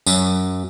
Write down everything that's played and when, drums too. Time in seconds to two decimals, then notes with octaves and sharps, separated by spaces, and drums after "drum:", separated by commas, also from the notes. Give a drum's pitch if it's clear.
0.06 F#2, drum: tambourine